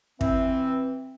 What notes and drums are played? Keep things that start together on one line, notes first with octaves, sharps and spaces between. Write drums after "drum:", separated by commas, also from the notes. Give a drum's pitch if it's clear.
E3 C4, drum: kick